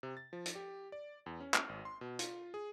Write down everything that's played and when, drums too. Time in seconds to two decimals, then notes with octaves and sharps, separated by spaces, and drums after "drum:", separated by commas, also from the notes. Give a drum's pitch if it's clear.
0.03 C3
0.17 A6
0.33 F3
0.46 drum: hi-hat
0.55 G4
0.92 D5
1.26 E2
1.40 C#4
1.54 drum: clap
1.69 G#1
1.85 C6
2.01 B2
2.19 F4, drum: hi-hat
2.54 G#4